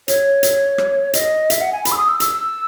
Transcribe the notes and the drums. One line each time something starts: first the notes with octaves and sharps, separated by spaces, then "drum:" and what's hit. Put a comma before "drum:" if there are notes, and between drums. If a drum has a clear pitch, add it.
C#5, drum: hi-hat
drum: hi-hat
drum: rim click
D#5, drum: hi-hat
E5, drum: hi-hat
F#5
G#5
B5, drum: hi-hat
E6
D#6
E6
E6, drum: hi-hat